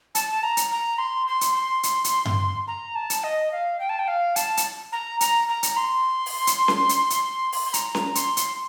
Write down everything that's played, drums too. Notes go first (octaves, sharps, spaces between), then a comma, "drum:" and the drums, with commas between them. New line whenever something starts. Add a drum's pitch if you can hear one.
A5, drum: hi-hat
A5
A#5
drum: hi-hat
A#5
C6
C6
drum: hi-hat
C6
drum: hi-hat
drum: hi-hat
drum: tom G2
A#5
A5
drum: hi-hat
D#5
F5
G5
A5
G5
F5
A5, drum: hi-hat
drum: hi-hat
A#5
A#5, drum: hi-hat
A#5
drum: hi-hat
C6
drum: open hi-hat
drum: hi-hat
drum: snare C#4
drum: hi-hat
drum: hi-hat
drum: open hi-hat
C6
A#5, drum: hi-hat
drum: snare C#4
C6, drum: hi-hat
drum: hi-hat